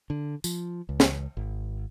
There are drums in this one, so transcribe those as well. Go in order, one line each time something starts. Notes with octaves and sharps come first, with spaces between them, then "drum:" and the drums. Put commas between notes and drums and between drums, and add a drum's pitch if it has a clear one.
D3
F3, drum: tambourine
C#2
drum: snare
G#1